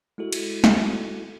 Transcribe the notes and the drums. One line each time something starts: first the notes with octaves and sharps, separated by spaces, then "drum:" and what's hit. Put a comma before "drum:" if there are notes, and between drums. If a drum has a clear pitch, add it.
G#3 E4 F#4 A4
drum: cymbal
drum: snare